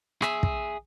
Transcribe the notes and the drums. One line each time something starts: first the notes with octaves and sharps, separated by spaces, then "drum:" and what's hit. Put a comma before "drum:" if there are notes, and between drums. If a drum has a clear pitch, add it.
G#4 E5, drum: rim click
drum: kick